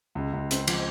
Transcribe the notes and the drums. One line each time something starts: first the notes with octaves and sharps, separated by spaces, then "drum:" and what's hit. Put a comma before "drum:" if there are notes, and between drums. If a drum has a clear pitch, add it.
C#2
C#2
C4, drum: hi-hat
F3, drum: cymbal